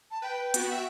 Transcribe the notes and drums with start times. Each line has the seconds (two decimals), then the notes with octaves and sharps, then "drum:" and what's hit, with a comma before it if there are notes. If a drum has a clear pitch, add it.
0.10 A5
0.22 B4 G5
0.54 B3 F#4, drum: hi-hat
0.70 F#4 E5